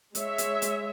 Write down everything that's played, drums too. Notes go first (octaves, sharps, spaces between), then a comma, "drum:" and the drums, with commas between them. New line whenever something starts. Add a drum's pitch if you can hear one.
G#3 C#5 E5, drum: hi-hat
drum: hi-hat
drum: hi-hat